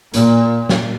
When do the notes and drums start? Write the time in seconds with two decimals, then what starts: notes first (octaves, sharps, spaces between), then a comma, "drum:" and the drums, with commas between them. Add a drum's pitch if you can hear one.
0.14 A#2, drum: hi-hat
0.69 drum: snare